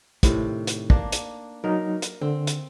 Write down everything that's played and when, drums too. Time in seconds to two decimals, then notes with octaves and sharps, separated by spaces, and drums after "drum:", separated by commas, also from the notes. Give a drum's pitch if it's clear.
0.23 A2 C3 D#3, drum: kick, hi-hat
0.67 drum: hi-hat
0.90 A#3 D4, drum: kick
1.12 drum: hi-hat
1.64 F#3 D#4 A#4
2.02 drum: hi-hat
2.21 D3 C4
2.47 drum: hi-hat